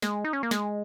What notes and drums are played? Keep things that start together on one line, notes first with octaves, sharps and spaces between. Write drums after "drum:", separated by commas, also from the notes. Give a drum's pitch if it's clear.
G#3, drum: snare
D#4
C#4
A#3
G#3, drum: snare